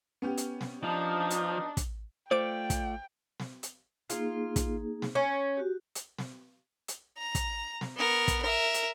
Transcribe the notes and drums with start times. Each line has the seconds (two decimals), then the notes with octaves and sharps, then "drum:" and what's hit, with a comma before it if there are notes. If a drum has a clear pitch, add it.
0.22 B3 C#4 G4
0.37 drum: hi-hat
0.61 drum: snare
0.84 F3 D4 D#4
1.30 drum: hi-hat
1.77 drum: kick, hi-hat
2.31 A3 F4 C5 D5 G5 D6 D7
2.70 drum: kick, hi-hat
3.40 drum: snare
3.63 drum: hi-hat
4.10 A#3 D#4 F4 G#4, drum: hi-hat
4.56 drum: kick, hi-hat
5.02 drum: snare
5.15 C#4
5.57 F#4 G4
5.95 drum: hi-hat
6.19 drum: snare
6.88 drum: hi-hat
7.17 A#5
7.35 drum: kick, hi-hat
7.81 drum: snare
7.97 B3 A#4
8.28 drum: kick, hi-hat
8.42 A#4 E5
8.74 drum: hi-hat